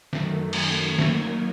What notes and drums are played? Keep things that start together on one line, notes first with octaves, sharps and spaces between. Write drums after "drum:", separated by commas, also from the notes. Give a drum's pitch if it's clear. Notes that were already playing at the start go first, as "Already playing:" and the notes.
F#2 D#3 F#3 A3, drum: snare
drum: cymbal
F#3 A#3 D#4, drum: snare